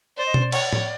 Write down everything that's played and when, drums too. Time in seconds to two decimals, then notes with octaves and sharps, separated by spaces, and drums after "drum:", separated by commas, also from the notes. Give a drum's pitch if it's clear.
0.17 C5 D5
0.26 D#5
0.34 D5, drum: tom B2
0.52 C#5, drum: cymbal
0.73 drum: tom A2